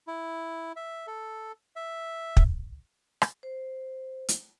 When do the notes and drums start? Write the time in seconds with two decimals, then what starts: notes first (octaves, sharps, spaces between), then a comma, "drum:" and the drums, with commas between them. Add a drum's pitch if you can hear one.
0.07 E4
0.76 E5
1.07 A4
1.76 E5
2.37 drum: kick
3.22 drum: rim click
3.43 C5
4.28 drum: hi-hat